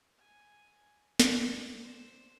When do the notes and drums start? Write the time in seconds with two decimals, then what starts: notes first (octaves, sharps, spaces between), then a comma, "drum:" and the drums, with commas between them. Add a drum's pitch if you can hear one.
0.18 G#5
1.20 D5, drum: snare
1.82 C5